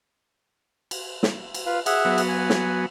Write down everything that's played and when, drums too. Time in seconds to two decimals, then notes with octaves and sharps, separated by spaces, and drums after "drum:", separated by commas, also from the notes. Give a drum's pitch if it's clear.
0.91 drum: cymbal
1.23 drum: snare
1.54 drum: cymbal
1.66 F4 B4 F5
1.86 G#4 E5 F#5, drum: cymbal
2.05 F#3 B3
2.18 drum: cymbal
2.29 G#5
2.49 drum: snare